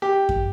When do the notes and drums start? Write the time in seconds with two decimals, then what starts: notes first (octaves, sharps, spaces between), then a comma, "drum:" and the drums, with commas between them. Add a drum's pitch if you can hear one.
0.02 G4
0.29 drum: kick F#2